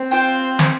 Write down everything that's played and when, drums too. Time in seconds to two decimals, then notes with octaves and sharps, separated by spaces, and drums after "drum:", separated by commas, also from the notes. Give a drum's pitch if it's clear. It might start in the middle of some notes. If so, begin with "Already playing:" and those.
Already playing: C4
0.11 F4 C5 G5
0.59 drum: snare